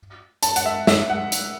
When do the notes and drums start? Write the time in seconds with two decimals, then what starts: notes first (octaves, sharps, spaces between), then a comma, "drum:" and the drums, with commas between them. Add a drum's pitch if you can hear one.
0.43 A5, drum: hi-hat
0.56 F#5, drum: hi-hat
0.66 E5
0.87 E5, drum: snare
1.10 F#5
1.32 drum: hi-hat